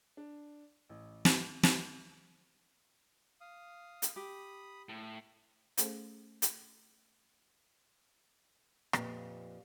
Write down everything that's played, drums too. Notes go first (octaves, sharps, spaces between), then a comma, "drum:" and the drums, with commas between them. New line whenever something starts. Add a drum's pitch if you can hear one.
D4
A1
drum: snare
drum: snare
F5 D#6
drum: hi-hat
G4 B5 D#6
A2
A3 C#4 G#4 A4 C5, drum: hi-hat
drum: hi-hat
F2 A#2 G4 B4 D#5 G5, drum: rim click